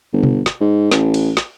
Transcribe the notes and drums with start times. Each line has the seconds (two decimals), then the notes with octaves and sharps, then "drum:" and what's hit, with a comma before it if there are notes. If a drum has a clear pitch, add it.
0.13 G1
0.23 drum: tom B2
0.46 drum: snare
0.61 G#2
0.91 A1, drum: snare
1.14 drum: cymbal
1.37 drum: snare